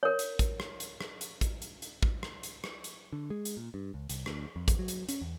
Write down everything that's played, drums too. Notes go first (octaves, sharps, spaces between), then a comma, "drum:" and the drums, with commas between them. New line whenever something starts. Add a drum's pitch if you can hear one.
A#4 C#5
drum: hi-hat
drum: kick, hi-hat
drum: rim click
drum: hi-hat
drum: rim click
drum: hi-hat
drum: kick, hi-hat
drum: hi-hat
drum: hi-hat
drum: kick
drum: rim click
drum: hi-hat
drum: rim click
drum: hi-hat
D3
G#3
drum: hi-hat
A#2
G2
C#2
C2, drum: hi-hat
D2, drum: rim click
F2
drum: kick, hi-hat
F#3
drum: hi-hat
C#4, drum: hi-hat
E2